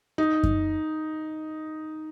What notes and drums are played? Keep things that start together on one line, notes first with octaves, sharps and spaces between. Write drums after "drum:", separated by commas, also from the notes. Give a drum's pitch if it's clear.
D#4
drum: kick F#2